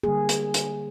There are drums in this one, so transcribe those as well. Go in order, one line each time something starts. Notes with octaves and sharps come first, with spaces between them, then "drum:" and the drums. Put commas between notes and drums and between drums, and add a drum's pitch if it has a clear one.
D3 G3 A#3 G#4
drum: hi-hat
drum: hi-hat